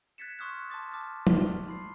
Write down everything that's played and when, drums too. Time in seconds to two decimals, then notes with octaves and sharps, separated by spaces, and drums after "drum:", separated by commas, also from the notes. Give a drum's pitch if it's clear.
0.18 F#6 G#6 A6 B6 C#7 E7
0.39 C6 C#6 D#6 F6 F#6
0.70 A5 C6 D6 A6
0.91 A5 D6 E6 F6 A6
1.27 G7, drum: tom
1.68 B5 C6 C7